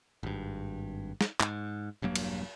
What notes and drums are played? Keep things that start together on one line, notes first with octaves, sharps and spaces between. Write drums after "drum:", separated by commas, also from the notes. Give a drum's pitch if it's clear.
G#1 G2
drum: snare
G#2, drum: clap
E1 G2 F#3 A#3
drum: cymbal